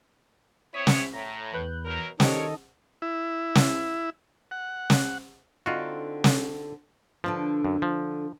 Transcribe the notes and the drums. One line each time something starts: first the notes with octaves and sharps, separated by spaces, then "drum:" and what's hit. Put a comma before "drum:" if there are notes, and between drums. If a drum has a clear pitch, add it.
C4 E4 C#5 D#6 B6
drum: snare
A2 A#5
E2 B4 F#6 G6
B2 F#3 A#4
D#3 D4 G4 A4 A#4 C5 C#5 D#5, drum: snare
E4
drum: snare
F#5
drum: snare
D3 C4 D#4 F4 F#4
drum: snare
D3 F3 D4 B4
F#2
F3